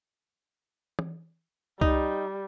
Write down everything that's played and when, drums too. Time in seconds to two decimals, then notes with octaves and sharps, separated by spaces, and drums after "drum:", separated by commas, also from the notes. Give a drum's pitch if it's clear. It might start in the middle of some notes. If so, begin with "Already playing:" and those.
0.99 drum: tom
1.81 G3 D#4, drum: kick C2